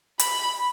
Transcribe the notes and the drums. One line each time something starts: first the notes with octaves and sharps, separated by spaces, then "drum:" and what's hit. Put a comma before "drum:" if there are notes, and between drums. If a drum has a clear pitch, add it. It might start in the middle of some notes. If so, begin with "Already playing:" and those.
B5, drum: hi-hat